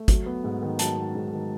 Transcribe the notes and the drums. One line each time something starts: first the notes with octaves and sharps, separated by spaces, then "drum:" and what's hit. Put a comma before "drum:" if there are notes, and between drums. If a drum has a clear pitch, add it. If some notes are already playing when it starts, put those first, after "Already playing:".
Already playing: A3
F#3, drum: kick, hi-hat
B3
G#2
D#3
F#3 A5, drum: hi-hat
B3
G#2
D#3